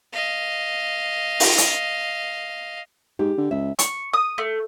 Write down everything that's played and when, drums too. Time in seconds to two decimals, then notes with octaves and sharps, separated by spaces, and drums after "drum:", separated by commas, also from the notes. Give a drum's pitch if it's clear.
0.13 D#5 F5
1.40 drum: open hi-hat
1.58 drum: hi-hat
3.19 G#2 G4
3.38 D3
3.51 C#2 E5
3.79 C#6, drum: hi-hat
4.13 D#6
4.38 A3